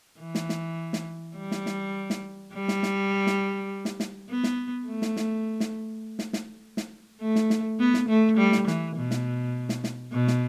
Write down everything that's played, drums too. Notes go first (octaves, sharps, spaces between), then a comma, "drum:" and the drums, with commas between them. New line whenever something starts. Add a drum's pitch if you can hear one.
E3
drum: snare
drum: snare
drum: snare
G3
drum: snare
drum: snare
drum: snare
G3
drum: snare
drum: snare
drum: snare
drum: snare
drum: snare
B3
drum: snare
A3
drum: snare
drum: snare
drum: snare
drum: snare
drum: snare
drum: snare
A3
drum: snare
drum: snare
B3
drum: snare
A3
G3
drum: snare
E3, drum: snare
B2
drum: snare
drum: snare
drum: snare
B2
drum: snare